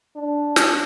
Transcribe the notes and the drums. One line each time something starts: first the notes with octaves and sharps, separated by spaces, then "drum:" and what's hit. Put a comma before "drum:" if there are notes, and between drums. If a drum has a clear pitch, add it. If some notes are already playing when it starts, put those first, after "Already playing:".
D4
drum: snare